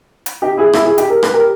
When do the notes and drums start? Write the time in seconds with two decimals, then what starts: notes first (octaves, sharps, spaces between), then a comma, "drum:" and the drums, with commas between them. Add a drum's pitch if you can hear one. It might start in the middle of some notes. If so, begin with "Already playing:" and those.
0.26 drum: hi-hat
0.42 D#4 G4
0.57 E4 G#4
0.73 E4 G#4, drum: rim click
0.85 E4 G#4
0.98 D#4 G4, drum: hi-hat
1.10 A#4
1.23 B4, drum: rim click
1.33 G4 A#4